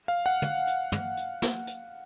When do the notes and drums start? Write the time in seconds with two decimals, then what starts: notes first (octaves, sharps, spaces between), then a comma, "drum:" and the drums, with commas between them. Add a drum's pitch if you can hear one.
0.08 F5
0.26 F#5
0.42 drum: tom
0.67 drum: hi-hat
0.92 drum: tom
1.17 drum: hi-hat
1.42 drum: snare
1.67 drum: hi-hat